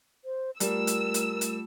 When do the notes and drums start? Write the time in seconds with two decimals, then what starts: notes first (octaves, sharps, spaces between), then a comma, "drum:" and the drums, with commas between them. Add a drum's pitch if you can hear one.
0.25 C5
0.60 G3 A3 F4 A#4 E6, drum: hi-hat
0.87 drum: hi-hat
1.14 drum: hi-hat
1.41 drum: hi-hat